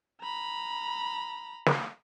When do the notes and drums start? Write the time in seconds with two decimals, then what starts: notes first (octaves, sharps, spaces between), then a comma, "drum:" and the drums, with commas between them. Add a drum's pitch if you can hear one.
0.21 A#5 B5
1.66 drum: snare